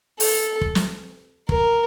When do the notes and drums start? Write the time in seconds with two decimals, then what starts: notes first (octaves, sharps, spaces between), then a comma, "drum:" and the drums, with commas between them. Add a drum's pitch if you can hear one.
0.20 A4, drum: open hi-hat
0.61 drum: kick
0.75 drum: snare
1.49 A#4, drum: kick